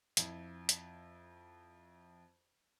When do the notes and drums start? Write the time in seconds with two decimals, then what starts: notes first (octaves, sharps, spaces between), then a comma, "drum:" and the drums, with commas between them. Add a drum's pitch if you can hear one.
0.17 F2 E4, drum: hi-hat
0.69 drum: hi-hat